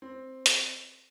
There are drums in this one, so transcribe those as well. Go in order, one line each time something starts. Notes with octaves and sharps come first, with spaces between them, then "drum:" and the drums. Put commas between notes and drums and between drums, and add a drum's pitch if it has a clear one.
C4
drum: hi-hat